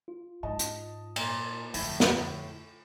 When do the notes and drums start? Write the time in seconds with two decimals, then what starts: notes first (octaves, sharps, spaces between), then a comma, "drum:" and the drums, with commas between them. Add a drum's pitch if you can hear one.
0.08 F4
0.43 G#2 D#5 A5
0.59 drum: hi-hat
1.16 A#2, drum: cymbal
1.74 F2 A2 D3, drum: open hi-hat
2.00 drum: snare